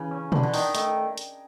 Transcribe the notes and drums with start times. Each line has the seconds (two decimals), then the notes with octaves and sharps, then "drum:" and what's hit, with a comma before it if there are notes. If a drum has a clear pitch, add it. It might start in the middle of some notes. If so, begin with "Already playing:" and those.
Already playing: C#3 E3
0.11 C#4
0.32 D3 E3, drum: tom
0.43 D3
0.54 D#3 D#4, drum: open hi-hat
0.75 D#3 A3, drum: hi-hat
1.18 drum: hi-hat